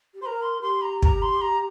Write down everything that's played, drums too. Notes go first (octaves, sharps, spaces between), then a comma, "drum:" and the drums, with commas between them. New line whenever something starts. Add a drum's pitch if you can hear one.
G4
C5 C6
A#4 A#5
C6
G4 C6
A#5
A#5, drum: kick
C6
A#5